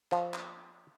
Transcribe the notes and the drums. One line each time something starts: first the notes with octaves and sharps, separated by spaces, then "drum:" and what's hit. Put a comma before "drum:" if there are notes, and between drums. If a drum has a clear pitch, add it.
F3, drum: clap
drum: clap